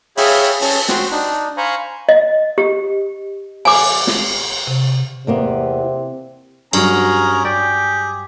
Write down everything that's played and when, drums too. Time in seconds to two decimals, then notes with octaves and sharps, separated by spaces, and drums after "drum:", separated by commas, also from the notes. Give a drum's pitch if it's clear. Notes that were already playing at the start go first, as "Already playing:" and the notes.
0.17 G#4 C#5 E5 F5 G5 B5, drum: open hi-hat
0.61 C#4 A5, drum: open hi-hat
0.89 F#4 C5 G5, drum: snare
1.11 D4 D#4
1.57 C5 F5 G#5 A#5 B5 C#6
2.09 D#5
2.58 G4
3.65 G#5 D6, drum: cymbal
4.07 drum: snare
4.67 C3
5.27 E2 C3 A#3 B3
6.73 G2 F#3 C#4 G#4 A#4 A#5, drum: cymbal
7.45 G4 G#4 D5